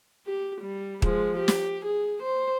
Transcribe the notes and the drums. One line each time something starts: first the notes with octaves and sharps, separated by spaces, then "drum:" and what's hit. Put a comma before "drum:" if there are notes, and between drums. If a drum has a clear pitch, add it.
G4
G3
F3 G#3, drum: kick
G4
drum: snare
G#4
C5